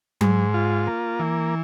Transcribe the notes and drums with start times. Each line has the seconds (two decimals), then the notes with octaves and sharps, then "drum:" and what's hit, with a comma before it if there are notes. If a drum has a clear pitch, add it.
0.21 G#2, drum: tom F#3
0.54 F4
0.87 A#3
1.19 E3